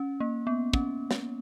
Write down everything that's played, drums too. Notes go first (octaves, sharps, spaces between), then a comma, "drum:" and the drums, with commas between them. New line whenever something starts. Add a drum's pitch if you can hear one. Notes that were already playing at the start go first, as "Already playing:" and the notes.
Already playing: C#4
A#3
B3
C#4, drum: kick
drum: snare